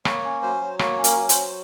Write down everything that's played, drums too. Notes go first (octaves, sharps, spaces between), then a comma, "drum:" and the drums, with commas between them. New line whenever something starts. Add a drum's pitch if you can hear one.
A#3 C#5, drum: rim click
C#4
F#3 C5
F#3
A#3 C#5, drum: rim click
C#4
A#4, drum: hi-hat
F#3
C5, drum: hi-hat
F#3